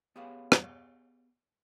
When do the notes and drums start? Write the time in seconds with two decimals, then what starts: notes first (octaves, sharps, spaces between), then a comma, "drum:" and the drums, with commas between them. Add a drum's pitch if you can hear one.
0.16 B3 G4 G#4 B4 C#5 F5
0.52 drum: rim click